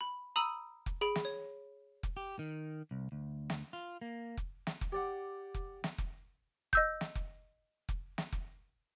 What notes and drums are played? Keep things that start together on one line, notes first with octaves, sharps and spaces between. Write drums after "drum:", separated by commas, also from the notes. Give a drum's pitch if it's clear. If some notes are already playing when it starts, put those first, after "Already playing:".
B5
A#5 B5 D#6 E6 D#7 F#7
drum: kick F1
G#4 B5 D7
drum: snare
C#5
drum: kick F1
G4
D#3
C2
D2
drum: snare
F4
A#3
drum: kick F1
drum: snare
drum: kick F1
G4 D5 F#5
drum: kick F1
drum: snare
drum: kick F1
D#5 E6 G6, drum: kick F1
drum: snare
drum: kick F1
drum: kick F1
drum: snare
drum: kick F1